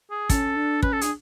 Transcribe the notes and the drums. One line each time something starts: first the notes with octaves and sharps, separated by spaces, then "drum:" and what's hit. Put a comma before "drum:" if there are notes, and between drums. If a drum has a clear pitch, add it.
G#4
C#4 A4, drum: kick, hi-hat
D4
C#4 B4, drum: kick
A4
D4 G#4, drum: hi-hat